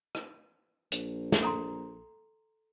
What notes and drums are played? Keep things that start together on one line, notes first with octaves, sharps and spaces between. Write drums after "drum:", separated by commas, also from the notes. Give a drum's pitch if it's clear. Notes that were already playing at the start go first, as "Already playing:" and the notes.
drum: rim click
A#1, drum: hi-hat
drum: snare
A4 A#5 C6